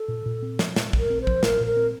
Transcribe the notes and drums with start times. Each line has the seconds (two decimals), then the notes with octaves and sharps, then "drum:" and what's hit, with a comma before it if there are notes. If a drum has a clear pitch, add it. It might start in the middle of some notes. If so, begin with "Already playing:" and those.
Already playing: A4
0.08 A#2
0.26 A#2
0.42 C4
0.59 F3, drum: snare
0.76 A#2, drum: snare
0.93 A#2, drum: kick
0.99 A#4
1.10 C4
1.21 C5
1.27 F3, drum: kick
1.43 A#2 A#4, drum: snare
1.60 A#2
1.66 A#4
1.77 C4